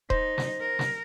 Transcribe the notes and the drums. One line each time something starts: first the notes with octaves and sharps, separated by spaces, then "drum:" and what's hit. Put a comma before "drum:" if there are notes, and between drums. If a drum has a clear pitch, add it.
D#4 C5, drum: kick D#1
drum: snare
A#4
drum: snare